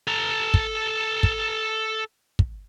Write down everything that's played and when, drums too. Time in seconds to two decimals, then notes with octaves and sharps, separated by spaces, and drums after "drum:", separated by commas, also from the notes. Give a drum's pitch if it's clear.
0.07 A4 A#5
0.54 drum: kick
1.23 drum: kick
2.39 drum: kick